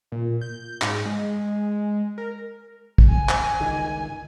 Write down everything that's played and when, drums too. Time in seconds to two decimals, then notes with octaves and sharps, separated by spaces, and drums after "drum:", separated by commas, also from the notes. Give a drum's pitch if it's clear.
0.12 A#2
0.41 G6
0.82 G#2, drum: clap
1.05 G#3
2.18 A#4
2.98 drum: kick
3.09 G#5
3.29 drum: clap
3.60 G1 C#2 D#3